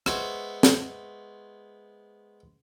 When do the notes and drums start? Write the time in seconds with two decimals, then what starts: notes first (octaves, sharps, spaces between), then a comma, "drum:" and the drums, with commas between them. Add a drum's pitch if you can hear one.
0.06 G#3 B3 C5 C#5 E5, drum: rim click
0.63 drum: snare